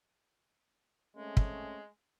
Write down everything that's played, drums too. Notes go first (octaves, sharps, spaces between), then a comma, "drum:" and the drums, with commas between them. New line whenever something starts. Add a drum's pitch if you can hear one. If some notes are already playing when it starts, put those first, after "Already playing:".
G#3 A3 C4 C#4
drum: kick